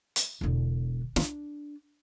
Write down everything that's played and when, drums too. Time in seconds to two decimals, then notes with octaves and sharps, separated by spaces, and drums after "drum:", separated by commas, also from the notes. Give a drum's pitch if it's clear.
0.16 drum: hi-hat
0.41 E1 D3
1.16 D4, drum: snare